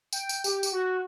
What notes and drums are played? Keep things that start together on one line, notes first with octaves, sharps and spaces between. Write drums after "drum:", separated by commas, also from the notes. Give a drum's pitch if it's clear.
G5, drum: tambourine
drum: tambourine
G4, drum: tambourine
drum: tambourine
F#4